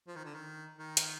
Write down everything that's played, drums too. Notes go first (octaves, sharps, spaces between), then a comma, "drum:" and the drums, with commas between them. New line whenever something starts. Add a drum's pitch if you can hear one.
F3
D#3
D3
D#3
D#3
drum: hi-hat